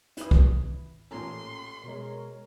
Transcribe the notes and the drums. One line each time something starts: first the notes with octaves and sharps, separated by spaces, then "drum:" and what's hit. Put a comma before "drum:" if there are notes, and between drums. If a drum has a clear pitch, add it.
E4 B4 D#6, drum: hi-hat
drum: kick
A1 A#2 C#4 A4 A#5 C6
B2 G#3 A#4 C#5